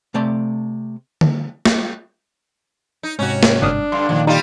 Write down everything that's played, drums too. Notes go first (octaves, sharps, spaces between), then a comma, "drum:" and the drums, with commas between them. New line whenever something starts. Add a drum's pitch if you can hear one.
C3 A3 D5 A5
drum: tom D3
drum: snare
D#4
G#2 C3 C#4 F#4
drum: snare
G1 D4 D#6 F6
G2 D3 F5 C6
A#2 D3 D#3 F3
G3 D4 D#4 F4 G4 D#7